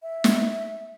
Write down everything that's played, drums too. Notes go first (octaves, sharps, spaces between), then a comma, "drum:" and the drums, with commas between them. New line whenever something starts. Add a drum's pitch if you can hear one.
E5
drum: snare